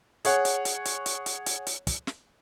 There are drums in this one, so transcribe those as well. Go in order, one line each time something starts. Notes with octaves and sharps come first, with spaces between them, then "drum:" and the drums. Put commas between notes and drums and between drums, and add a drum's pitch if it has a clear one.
G#4 C#5 F#5, drum: hi-hat
drum: hi-hat
drum: hi-hat
drum: hi-hat
drum: hi-hat
drum: hi-hat
drum: hi-hat
drum: hi-hat
drum: kick, hi-hat
drum: snare